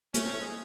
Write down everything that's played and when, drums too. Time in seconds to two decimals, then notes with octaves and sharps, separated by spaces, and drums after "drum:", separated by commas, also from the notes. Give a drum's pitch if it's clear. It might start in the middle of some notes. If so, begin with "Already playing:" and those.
0.14 A2 A3 C#4, drum: hi-hat
0.23 C3 C4
0.30 A2 A3
0.38 G#2 G#3